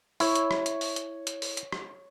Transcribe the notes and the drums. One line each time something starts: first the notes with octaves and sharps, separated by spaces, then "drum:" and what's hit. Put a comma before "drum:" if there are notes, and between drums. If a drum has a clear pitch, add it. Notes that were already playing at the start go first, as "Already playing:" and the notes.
E4 C#5, drum: open hi-hat
drum: hi-hat
drum: rim click
drum: hi-hat
drum: open hi-hat
drum: hi-hat
drum: hi-hat
drum: open hi-hat
drum: hi-hat
drum: rim click